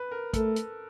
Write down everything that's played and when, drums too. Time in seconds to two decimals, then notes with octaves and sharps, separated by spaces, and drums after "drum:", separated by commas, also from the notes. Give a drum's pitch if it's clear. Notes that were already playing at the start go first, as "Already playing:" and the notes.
Already playing: B4
0.11 A#4
0.34 A3 A4, drum: kick, hi-hat
0.56 drum: hi-hat